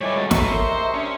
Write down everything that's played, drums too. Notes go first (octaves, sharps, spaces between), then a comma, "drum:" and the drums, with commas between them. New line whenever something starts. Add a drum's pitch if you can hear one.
D#3 E3 G3 A4 C#5 D6
C#2 B2 G#3
F#4 A4 B4 E5 A#5 C#6, drum: snare
A2 C#3 A#4 C5 C6
C3 G#3
C#4 D4